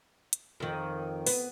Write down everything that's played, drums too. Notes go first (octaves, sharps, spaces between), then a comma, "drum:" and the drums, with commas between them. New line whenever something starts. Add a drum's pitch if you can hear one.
drum: hi-hat
F2 D#3
B3, drum: open hi-hat